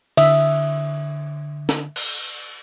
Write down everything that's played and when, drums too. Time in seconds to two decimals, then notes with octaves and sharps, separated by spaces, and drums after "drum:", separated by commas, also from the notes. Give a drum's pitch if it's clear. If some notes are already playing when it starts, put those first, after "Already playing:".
0.17 D3 E5 D#6, drum: cymbal
1.69 drum: snare
1.96 drum: cymbal